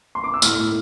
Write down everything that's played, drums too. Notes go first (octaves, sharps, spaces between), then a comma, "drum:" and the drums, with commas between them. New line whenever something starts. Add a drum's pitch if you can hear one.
C6
D6
E6
A2 F6, drum: tambourine
A2